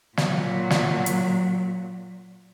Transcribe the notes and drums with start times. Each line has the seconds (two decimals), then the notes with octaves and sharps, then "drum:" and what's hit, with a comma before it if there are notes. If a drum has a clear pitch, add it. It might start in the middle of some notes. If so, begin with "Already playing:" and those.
0.17 A#2 F#3, drum: snare
0.70 drum: snare
1.06 drum: hi-hat